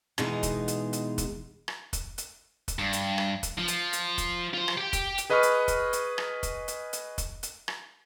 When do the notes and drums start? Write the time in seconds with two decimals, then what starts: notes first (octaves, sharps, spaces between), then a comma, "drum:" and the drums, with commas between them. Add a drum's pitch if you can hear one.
0.18 B2 E3 G#3 B3 D#4 G#4, drum: rim click
0.43 drum: kick, hi-hat
0.68 drum: hi-hat
0.93 drum: hi-hat
1.18 drum: kick, hi-hat
1.68 drum: rim click
1.93 drum: kick, hi-hat
2.18 drum: hi-hat
2.68 drum: kick, hi-hat
2.79 G2
2.93 drum: hi-hat
3.18 drum: rim click
3.43 drum: kick, hi-hat
3.59 F3
3.68 drum: hi-hat
3.93 drum: hi-hat
4.18 drum: kick, hi-hat
4.54 F4 C5
4.68 drum: rim click
4.78 G4 G5
4.93 drum: kick, hi-hat
5.18 drum: hi-hat
5.30 G#4 B4 D#5 B5 C#6 F6
5.43 drum: hi-hat
5.68 drum: kick, hi-hat
5.93 drum: hi-hat
6.18 drum: rim click
6.43 drum: kick, hi-hat
6.68 drum: hi-hat
6.93 drum: hi-hat
7.18 drum: kick, hi-hat
7.43 drum: hi-hat
7.68 drum: rim click